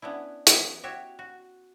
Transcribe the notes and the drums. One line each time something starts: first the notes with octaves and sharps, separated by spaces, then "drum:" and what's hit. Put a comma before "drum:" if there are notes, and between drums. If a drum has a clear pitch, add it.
B3 C#4 D4 E4
E3 F#3 B3 C#4 E4, drum: hi-hat
F#4 G4 C#5 E5
F#4